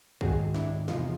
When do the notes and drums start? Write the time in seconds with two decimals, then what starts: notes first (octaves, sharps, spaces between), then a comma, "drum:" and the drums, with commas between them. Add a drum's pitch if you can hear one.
0.21 G#2 D#3 F#4 G#4, drum: kick C2
0.54 D4 E4, drum: snare
0.88 E2 C3 F3 D#4 F4, drum: snare